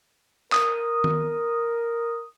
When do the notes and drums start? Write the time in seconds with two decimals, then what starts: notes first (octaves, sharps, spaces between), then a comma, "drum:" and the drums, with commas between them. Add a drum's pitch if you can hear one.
0.52 A#4 D#6, drum: clap
1.04 drum: tom D#3